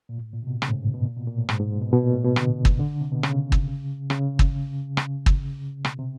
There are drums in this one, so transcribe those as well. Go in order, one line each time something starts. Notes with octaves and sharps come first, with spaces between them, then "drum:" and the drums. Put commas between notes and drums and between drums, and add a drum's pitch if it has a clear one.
A#2
A2
A#2
C3
B2
C#3, drum: rim click
A2
G#2
G2
B2
A#2
B2
A#2
A2
G#2, drum: rim click
G#2
B2
B2
A#2
A2
B2
D3, drum: rim click
drum: kick
D3
C3
B2
C#3, drum: rim click
drum: kick
C#3, drum: rim click
drum: kick
C#3, drum: rim click
drum: kick
B2, drum: rim click
C3